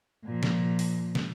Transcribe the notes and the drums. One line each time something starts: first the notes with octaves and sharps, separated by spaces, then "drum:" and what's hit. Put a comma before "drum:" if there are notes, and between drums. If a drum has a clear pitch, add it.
A#2 F3
drum: snare
drum: open hi-hat
drum: snare